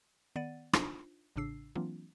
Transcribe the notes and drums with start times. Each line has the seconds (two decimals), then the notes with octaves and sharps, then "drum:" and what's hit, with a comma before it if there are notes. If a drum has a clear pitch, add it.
0.36 D#3 B3 D5 F#5 A6 D#7
0.73 D4 D#4 F4 C5, drum: rim click
1.36 A1 A2 C#3 D4 E6 C7
1.75 E3 F#3 A#3 C4 D4 F4